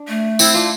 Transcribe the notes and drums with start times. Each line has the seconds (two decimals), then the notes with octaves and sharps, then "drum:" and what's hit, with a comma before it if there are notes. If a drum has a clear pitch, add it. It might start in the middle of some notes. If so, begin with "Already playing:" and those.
Already playing: D4
0.08 A3
0.39 C4 E4, drum: tambourine
0.54 D4 F4